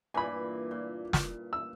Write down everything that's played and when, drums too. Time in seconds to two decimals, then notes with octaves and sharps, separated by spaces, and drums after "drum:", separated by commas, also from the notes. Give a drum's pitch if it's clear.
0.14 G2 A#2 E3 G#5 B5
0.71 A#2
1.13 drum: snare
1.53 E6